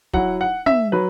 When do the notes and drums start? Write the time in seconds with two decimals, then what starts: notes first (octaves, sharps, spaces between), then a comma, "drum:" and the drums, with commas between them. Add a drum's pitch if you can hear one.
0.13 F#3 E4 F#5, drum: kick
0.41 F#5
0.66 E5, drum: tom
0.92 F#3 B4